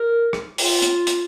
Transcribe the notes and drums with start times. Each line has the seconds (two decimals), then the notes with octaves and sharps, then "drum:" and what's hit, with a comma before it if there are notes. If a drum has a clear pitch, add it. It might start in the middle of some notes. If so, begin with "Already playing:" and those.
Already playing: A#4
0.33 drum: rim click
0.58 F4, drum: open hi-hat
0.82 drum: hi-hat
1.07 drum: hi-hat